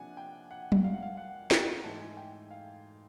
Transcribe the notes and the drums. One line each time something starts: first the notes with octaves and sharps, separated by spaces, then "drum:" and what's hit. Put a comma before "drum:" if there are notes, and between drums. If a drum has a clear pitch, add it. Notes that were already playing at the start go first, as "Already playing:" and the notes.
Already playing: C3 F3 A#3 D4 F#5 G#5
G5
F#5
drum: tom F#3
F5
F#5
F5
F#5
G5, drum: snare
G#2 E3 A3 A5
G#5
G5
F5